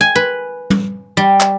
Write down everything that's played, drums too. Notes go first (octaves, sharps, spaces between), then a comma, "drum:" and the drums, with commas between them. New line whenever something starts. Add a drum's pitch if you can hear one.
G#5
B4
drum: tom
G3
drum: clap